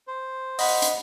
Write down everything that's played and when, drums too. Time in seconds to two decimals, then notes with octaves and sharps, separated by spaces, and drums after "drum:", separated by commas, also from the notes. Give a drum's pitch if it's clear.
0.08 C5
0.59 D#5 F#5 B5, drum: open hi-hat
0.82 drum: hi-hat